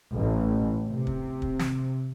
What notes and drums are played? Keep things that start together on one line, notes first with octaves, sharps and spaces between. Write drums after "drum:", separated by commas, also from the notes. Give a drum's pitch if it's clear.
A1
C3
drum: kick
drum: kick
drum: snare